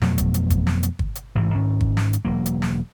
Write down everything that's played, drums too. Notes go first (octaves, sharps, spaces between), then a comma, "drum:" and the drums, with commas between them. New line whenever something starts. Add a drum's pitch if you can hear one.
F2 B2 F#3 A3, drum: snare
drum: kick, hi-hat
drum: hi-hat
drum: kick, hi-hat
drum: snare
drum: hi-hat
drum: kick
drum: hi-hat
A1 G#2 C3 E3
G#2 D#3 C#4
drum: kick
drum: snare
drum: hi-hat
E1 F#3 A#3
drum: hi-hat
drum: snare